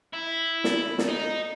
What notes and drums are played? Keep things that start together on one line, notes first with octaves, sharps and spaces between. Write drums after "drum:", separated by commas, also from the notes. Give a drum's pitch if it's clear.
E4
drum: snare
drum: snare
D#4